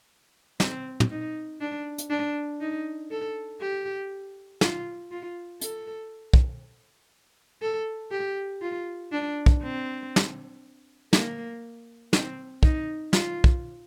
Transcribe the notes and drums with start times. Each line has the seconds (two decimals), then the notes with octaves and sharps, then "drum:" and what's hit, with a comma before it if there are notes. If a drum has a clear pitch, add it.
0.60 C4, drum: snare
1.00 drum: tom
1.11 D#4
1.61 D4
1.98 drum: hi-hat
2.10 D4
2.61 D#4
3.11 A4
3.61 G4
4.61 F4, drum: snare
5.11 F4
5.61 A4, drum: hi-hat
6.34 drum: kick
7.62 A4
8.11 G4
8.62 F4
9.12 D4
9.46 drum: kick
9.62 C4
10.16 drum: snare
11.13 A#3, drum: snare
12.13 C4, drum: snare
12.63 D#4, drum: kick
13.13 F4, drum: snare
13.44 drum: kick